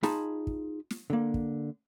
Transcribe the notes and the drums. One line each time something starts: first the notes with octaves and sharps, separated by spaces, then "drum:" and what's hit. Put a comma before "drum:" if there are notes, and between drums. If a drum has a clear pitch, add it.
D#4 F4 G#4 A5 B5, drum: snare
drum: kick
drum: snare
D3 A#3
drum: kick